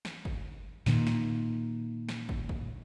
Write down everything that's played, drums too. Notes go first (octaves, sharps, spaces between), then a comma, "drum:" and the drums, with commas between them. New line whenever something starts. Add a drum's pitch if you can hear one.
drum: snare
drum: kick
A#2 D#3, drum: snare
drum: snare
drum: snare
drum: kick
drum: kick